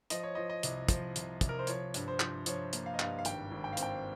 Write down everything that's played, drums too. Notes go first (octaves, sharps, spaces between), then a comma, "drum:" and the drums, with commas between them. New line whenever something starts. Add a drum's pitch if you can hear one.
F3 D#5, drum: hi-hat
C#5
F3 D#5
D#5
C2, drum: hi-hat
F3, drum: kick, hi-hat
C2, drum: hi-hat
C2, drum: kick, hi-hat
A#4
C5
F3 C#5, drum: hi-hat
G2, drum: hi-hat
C5
F3, drum: clap
F3 C#5, drum: hi-hat
A#3, drum: hi-hat
F5
D#5
G2 F5, drum: clap
F5
G#1 G5, drum: hi-hat
G#1
G5
F5
C4, drum: hi-hat
G5